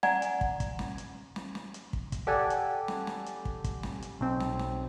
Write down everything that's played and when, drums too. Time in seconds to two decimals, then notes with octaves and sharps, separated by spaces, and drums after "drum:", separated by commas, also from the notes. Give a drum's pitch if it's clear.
0.03 D5 F#5 G#5 A#5, drum: snare
0.22 drum: hi-hat
0.41 drum: kick
0.60 drum: kick, hi-hat
0.79 drum: snare
0.98 drum: hi-hat
1.36 drum: snare
1.55 drum: snare
1.74 drum: hi-hat
1.93 drum: kick
2.12 drum: kick, hi-hat
2.27 G4 A4 D5 F#5 G#5 A5
2.50 drum: hi-hat
2.88 drum: snare
3.07 drum: snare
3.26 drum: hi-hat
3.45 drum: kick
3.64 drum: kick, hi-hat
3.83 drum: snare
4.02 drum: hi-hat
4.21 B1 C4
4.40 drum: snare
4.59 drum: snare